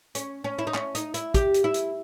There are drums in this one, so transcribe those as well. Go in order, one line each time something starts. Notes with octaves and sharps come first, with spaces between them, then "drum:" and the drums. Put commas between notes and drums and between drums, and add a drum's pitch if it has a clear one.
C#4, drum: hi-hat
C#4
E4
D#4
C#4, drum: clap
D#4, drum: hi-hat
E4, drum: hi-hat
G4, drum: kick, hi-hat
drum: hi-hat
E4
drum: hi-hat